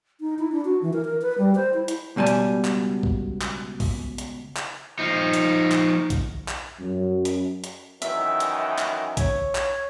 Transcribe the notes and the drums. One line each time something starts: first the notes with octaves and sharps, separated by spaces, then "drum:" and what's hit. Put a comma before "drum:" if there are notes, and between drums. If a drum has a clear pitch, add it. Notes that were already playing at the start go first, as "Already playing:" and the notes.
D#4
E4
D4
F#4
E3
A#4
A#4
B4
G3
C5
E4
drum: hi-hat
C#2 B2 G3 G#5 A5
drum: hi-hat
drum: clap
drum: kick A#1
drum: clap
drum: kick A#1, open hi-hat
drum: hi-hat
drum: clap
F3 D#4
drum: hi-hat
drum: clap
drum: kick A#1, hi-hat
drum: clap
F#2
drum: hi-hat
drum: hi-hat
F#2 D#3 E3 E5, drum: hi-hat
drum: hi-hat
drum: clap
C#5, drum: kick A#1, hi-hat
drum: clap